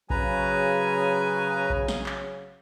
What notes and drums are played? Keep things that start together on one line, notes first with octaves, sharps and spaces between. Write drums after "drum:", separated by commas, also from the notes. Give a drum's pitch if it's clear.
C#3 F#3 B4 G#5 A#5, drum: kick A#1
drum: kick A#1
drum: snare
drum: clap